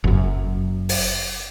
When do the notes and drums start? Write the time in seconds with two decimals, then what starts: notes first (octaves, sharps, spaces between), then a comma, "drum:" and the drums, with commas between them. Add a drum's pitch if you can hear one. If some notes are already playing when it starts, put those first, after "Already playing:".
0.04 F#1 F#2
0.89 drum: open hi-hat